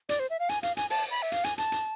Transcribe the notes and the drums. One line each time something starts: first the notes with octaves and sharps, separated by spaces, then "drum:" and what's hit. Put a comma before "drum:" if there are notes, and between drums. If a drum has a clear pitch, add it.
D5, drum: hi-hat
C5
E5
F5
G#5, drum: hi-hat
F5, drum: hi-hat
G#5, drum: hi-hat
A5, drum: open hi-hat
B5
E5
F5, drum: hi-hat
G#5, drum: hi-hat
A5, drum: hi-hat
drum: hi-hat